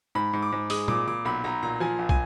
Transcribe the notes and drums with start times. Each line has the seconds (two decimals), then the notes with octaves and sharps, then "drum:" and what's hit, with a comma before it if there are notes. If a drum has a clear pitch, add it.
0.15 G#2 B5
0.33 G#2
0.42 D6
0.52 G#2
0.70 G#3 D#6, drum: open hi-hat
0.88 A#2 D6, drum: tom
1.07 A#2 D6
1.25 B1 B5
1.44 B1 A#5
1.63 A#2 A#5
1.80 F3 G#5
1.99 A#1
2.09 G#5, drum: kick